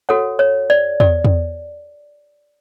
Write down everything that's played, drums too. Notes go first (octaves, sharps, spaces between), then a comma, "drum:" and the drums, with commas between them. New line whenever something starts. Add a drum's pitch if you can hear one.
F#4 A4 C#5 F#5
C#5
D5
D5, drum: tom E2
drum: tom E2